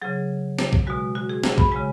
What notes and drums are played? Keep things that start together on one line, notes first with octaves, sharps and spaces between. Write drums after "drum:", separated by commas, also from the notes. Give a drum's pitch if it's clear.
C#3 F#3 G#4
drum: snare
drum: kick
B2 G#3 F#4
F#4
G#4
G#4, drum: snare
B5, drum: kick
C#3 G#3 G#5